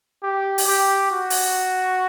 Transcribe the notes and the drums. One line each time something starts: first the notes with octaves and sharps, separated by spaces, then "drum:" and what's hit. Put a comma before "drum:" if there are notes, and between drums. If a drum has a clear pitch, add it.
G4
drum: open hi-hat
G4
F#4
drum: open hi-hat